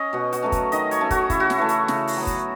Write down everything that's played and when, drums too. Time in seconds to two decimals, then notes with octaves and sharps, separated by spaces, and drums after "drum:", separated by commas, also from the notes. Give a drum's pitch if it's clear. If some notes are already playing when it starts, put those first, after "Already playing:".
Already playing: C#4 D#5
0.13 B2 F#4
0.33 F#4, drum: hi-hat
0.42 F#3 A3 C#4
0.52 drum: kick, hi-hat
0.72 D#3 D#5, drum: hi-hat
0.91 C#5, drum: hi-hat
1.01 A3 C#4
1.11 F#4, drum: kick, hi-hat
1.30 C#3 E4, drum: kick, hi-hat
1.40 F#4
1.50 E4, drum: snare
1.59 E3 A3
1.69 drum: hi-hat
1.88 C#3, drum: snare
2.07 drum: open hi-hat
2.17 F#3 B3
2.27 drum: kick, hi-hat